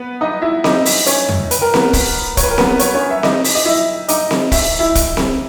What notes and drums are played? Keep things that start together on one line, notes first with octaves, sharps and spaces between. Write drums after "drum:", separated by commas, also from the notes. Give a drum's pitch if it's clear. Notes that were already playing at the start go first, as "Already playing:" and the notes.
Already playing: B3 B4
D#4 D#5
E4 E5
D#4 D#5, drum: snare C4
drum: open hi-hat
C#4 C#5, drum: hi-hat
drum: tom F2
B4, drum: hi-hat
A#4
B3 B4, drum: snare C4
drum: kick, open hi-hat
C#5, drum: kick, hi-hat
B4
A#4
B3 B4, drum: snare C4
C#5, drum: hi-hat
B4
C#4 C#5
E5
D#4 D#5, drum: snare C4
drum: open hi-hat
D#5
E4 E5
D#4 D#5, drum: hi-hat
drum: snare C4
E5, drum: kick, open hi-hat
E4 E5
drum: kick, hi-hat
drum: snare C4